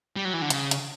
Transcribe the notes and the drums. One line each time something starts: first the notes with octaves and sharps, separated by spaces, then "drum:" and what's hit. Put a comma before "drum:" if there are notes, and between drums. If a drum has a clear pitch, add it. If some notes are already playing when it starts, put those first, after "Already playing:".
G3
F#3
E3
D3
C#3, drum: hi-hat
drum: hi-hat